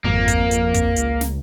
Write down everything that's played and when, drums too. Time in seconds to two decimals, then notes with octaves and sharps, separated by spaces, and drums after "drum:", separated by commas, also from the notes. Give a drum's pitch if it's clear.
0.04 G#1 F2 A#3
0.28 drum: kick, hi-hat
0.51 drum: hi-hat
0.74 drum: kick, hi-hat
0.96 C#2, drum: hi-hat
1.21 drum: snare